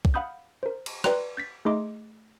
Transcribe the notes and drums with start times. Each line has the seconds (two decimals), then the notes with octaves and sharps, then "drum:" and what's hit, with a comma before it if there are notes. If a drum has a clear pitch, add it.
0.05 drum: kick
0.14 F5 F#5 B5 D#6 G6
0.63 A#4 C5
0.86 drum: cymbal
1.04 B4 D5 G5 A#5 C6, drum: rim click
1.37 G6 A6 B6
1.65 A3 D#4 G#4 D#5 C6 D6